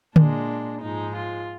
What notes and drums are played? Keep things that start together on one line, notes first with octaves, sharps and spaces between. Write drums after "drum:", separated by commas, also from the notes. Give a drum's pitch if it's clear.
A#2 G#3 D4, drum: tom D3
G#2 F3 G#3 D#4
F4